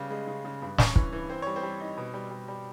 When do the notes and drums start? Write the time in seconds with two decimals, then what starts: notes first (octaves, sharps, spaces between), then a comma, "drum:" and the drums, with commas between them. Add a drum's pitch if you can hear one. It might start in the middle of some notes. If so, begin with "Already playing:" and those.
Already playing: C#3 G3 B3
0.10 G#3
0.28 C#3
0.45 C#3
0.62 G2
0.78 C#4, drum: snare
0.96 E3, drum: kick
1.13 E3
1.29 C4 C5
1.42 G3 C#5
1.56 C4 C5
1.63 G3
1.80 D#4
1.97 B2
2.14 G3
2.31 G3
2.48 G3